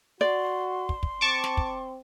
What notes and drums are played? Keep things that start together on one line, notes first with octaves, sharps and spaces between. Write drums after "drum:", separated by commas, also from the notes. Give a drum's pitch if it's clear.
F#4 D5 C6
drum: kick
drum: kick
C4 A5 C#6 D6
drum: snare
drum: kick